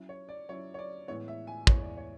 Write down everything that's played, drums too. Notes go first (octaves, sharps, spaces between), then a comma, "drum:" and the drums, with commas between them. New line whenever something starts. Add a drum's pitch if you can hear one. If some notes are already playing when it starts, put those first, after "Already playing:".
Already playing: F#3 C#4 E4
C#5
D5
F#3 C#4 E4 C#5
C#5
D5
A2 E3 G#3 B3 C#5
E5
G#5
A2 E3 G#3 B3 C#5, drum: kick
D5
C#5